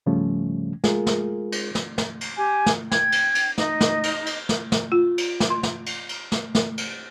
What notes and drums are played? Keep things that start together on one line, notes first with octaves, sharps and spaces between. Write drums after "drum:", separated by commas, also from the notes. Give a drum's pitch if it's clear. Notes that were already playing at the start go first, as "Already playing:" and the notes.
G#2 C#3 F3 G3 A3 C#4
G#3 F4 G#4 A#4, drum: snare
drum: snare
drum: cymbal
drum: snare
drum: snare
drum: cymbal
G4 G#5
drum: snare
G5 G#6, drum: snare
drum: cymbal
drum: cymbal
D#4 D#5, drum: snare
drum: snare
drum: cymbal
drum: cymbal
drum: snare
drum: snare
F4
drum: cymbal
drum: snare
C6
drum: snare
drum: cymbal
drum: cymbal
drum: snare
drum: snare
drum: cymbal